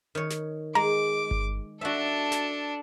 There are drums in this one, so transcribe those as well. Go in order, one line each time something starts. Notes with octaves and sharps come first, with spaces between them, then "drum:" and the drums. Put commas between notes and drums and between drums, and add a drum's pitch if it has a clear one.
D#3 C#5
drum: snare
G#3 A#5 D6
drum: kick G1
D4 F#4 A4 E5
drum: snare